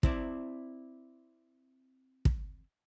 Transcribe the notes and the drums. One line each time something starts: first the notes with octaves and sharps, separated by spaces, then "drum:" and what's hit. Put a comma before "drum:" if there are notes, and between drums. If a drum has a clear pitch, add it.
C4 E4 D5, drum: kick
drum: kick